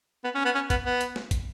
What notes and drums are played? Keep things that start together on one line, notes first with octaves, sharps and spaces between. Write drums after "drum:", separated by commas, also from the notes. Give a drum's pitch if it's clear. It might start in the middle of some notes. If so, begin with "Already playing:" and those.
B3
C#4
B3
C#4
B3, drum: kick, hi-hat
B3
drum: hi-hat
drum: snare
drum: kick, hi-hat